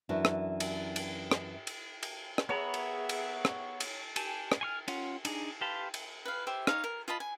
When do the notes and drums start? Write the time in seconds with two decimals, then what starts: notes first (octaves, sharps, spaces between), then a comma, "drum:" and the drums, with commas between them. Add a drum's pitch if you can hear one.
0.09 F#2 E3 D4 F#4
0.25 drum: rim click
0.60 drum: cymbal
0.96 drum: cymbal
1.31 drum: rim click
1.67 drum: cymbal
2.03 drum: cymbal
2.38 drum: rim click
2.49 B3 G#4 C#5 E5 A#5 B5
2.74 drum: cymbal
3.09 drum: cymbal
3.45 drum: rim click
3.80 drum: cymbal
4.16 G4 G#5 A5, drum: cymbal
4.52 drum: rim click
4.61 G#5 C#6 F6
4.88 C#4 F4 F#5, drum: cymbal
5.25 D4 D#4 G#4, drum: cymbal
5.61 G4 B4 F5 A5 C6
5.94 drum: cymbal
6.25 B4 F5
6.47 G4 C5 E5
6.67 D#4 C#5 F5, drum: rim click
6.84 A#4
7.08 F4 D#5 A5 B5
7.20 G#5